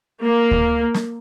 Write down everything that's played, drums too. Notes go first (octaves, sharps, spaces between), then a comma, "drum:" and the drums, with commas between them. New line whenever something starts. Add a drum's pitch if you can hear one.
A#3
drum: kick D2
drum: snare